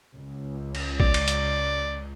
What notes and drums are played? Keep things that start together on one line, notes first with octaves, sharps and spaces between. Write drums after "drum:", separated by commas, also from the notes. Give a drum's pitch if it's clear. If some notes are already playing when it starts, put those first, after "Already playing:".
C#2
drum: cymbal
D5, drum: kick
drum: cymbal
drum: hi-hat